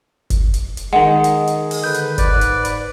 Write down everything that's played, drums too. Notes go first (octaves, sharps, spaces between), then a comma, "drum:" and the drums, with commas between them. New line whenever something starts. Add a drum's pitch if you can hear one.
drum: kick, hi-hat
drum: hi-hat
drum: hi-hat
D#3 G#3 G#4 F#5
drum: hi-hat
drum: hi-hat
drum: open hi-hat
D3 B4 G6
drum: hi-hat
G#2 B4 D5, drum: kick, hi-hat
drum: hi-hat
drum: hi-hat